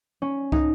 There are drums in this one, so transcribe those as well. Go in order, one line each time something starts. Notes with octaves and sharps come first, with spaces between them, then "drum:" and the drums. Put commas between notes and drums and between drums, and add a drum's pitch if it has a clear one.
C#4
D#4, drum: kick